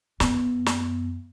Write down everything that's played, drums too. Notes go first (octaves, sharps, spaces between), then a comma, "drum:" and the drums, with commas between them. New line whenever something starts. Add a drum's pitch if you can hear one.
F#2 B3, drum: snare
drum: snare